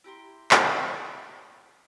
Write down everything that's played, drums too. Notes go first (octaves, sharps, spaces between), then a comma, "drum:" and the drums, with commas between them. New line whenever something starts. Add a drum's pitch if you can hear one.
E4 G4 A#5 C6
drum: clap